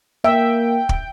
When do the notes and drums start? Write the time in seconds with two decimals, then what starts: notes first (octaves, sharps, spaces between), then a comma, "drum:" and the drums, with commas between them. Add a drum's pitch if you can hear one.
0.24 A#3 E5 G5
0.89 drum: kick